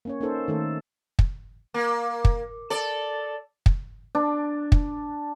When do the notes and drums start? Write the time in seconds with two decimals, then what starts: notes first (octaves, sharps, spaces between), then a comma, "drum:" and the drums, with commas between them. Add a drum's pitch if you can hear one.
0.05 A#3 C#4 C#5
0.21 A#3 C#4 D#4 A4 C5
0.48 D#3 A3 A4
1.19 drum: kick
1.74 A#3
2.25 drum: kick
2.70 A4 D5
3.66 drum: kick
4.15 D4
4.72 drum: kick